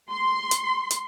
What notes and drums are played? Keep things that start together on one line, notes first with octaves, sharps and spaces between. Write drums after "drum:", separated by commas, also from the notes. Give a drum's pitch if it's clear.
C6
drum: hi-hat
drum: hi-hat